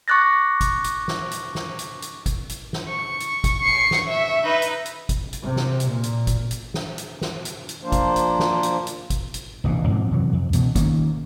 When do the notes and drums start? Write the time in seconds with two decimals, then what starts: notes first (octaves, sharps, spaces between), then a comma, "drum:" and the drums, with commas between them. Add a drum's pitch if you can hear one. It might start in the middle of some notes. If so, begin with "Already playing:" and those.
0.08 C#6 D6 F#6 A6 A#6
0.61 drum: kick, hi-hat
0.84 drum: hi-hat
1.08 drum: snare
1.31 drum: hi-hat
1.55 drum: snare
1.79 drum: hi-hat
2.02 drum: hi-hat
2.26 drum: kick, hi-hat
2.49 drum: hi-hat
2.73 drum: snare
2.89 C#6
3.20 drum: hi-hat
3.44 drum: kick, hi-hat
3.64 C7 C#7
3.91 drum: snare
4.08 E5
4.44 D#4 B4
4.62 drum: hi-hat
4.85 drum: hi-hat
5.09 drum: kick, hi-hat
5.33 drum: hi-hat
5.43 C3
5.56 drum: snare
5.80 drum: hi-hat
5.90 A#2
6.03 drum: hi-hat
6.27 drum: kick, hi-hat
6.51 drum: hi-hat
6.74 drum: snare
6.98 drum: hi-hat
7.21 drum: snare
7.45 drum: hi-hat
7.69 drum: hi-hat
7.83 F3 A#3 D4 C5
7.92 drum: kick, hi-hat
8.16 drum: hi-hat
8.39 drum: snare
8.63 drum: hi-hat
8.87 drum: hi-hat
9.10 drum: kick, hi-hat
9.34 drum: hi-hat
9.64 F1 A#1 B2 E3
9.88 F2 G#2 B2
10.11 C3 E3 F#3
10.33 F2
10.53 C#2 B2 E3, drum: hi-hat
10.75 D#3 A#3 C#4, drum: kick, hi-hat